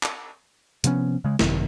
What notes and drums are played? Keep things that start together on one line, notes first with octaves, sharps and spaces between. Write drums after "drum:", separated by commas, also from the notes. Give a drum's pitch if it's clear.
drum: clap
C3 F3 B3 C#4, drum: hi-hat
C#3 G#3
G#1 F#2 C3 D#3, drum: snare